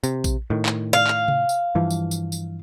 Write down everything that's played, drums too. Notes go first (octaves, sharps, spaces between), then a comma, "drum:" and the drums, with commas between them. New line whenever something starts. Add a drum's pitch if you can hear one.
C3, drum: tambourine
drum: kick A#1, tambourine
A2 D#3
drum: clap
F5
drum: clap
drum: tom C3
drum: tambourine
G2 E3 F3
drum: tambourine
drum: tambourine
drum: tambourine